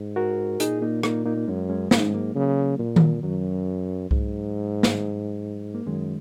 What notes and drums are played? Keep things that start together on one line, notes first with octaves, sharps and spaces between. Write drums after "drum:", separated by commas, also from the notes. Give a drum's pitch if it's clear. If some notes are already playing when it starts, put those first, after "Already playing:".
Already playing: G#2
F#4 A#4
A#2 D#4 G#4, drum: hi-hat
A#3 D#4
A#3 D#4, drum: rim click
A#3 D#4
A#3
F#2 G#3 C#4
G#3 C#4
G#2 C#4, drum: snare
D#4
G#3 C#4
F#3 A#3
C#3 F#3 A#3
A#2
drum: tom D#3
F#2 F#3
G#2, drum: kick C2
drum: snare
A#3
F#2 D#3 G#3